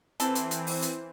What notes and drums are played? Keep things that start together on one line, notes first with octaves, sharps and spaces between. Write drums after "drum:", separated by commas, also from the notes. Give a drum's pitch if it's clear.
E3 C4 A4, drum: hi-hat
drum: hi-hat
drum: hi-hat
drum: open hi-hat
drum: hi-hat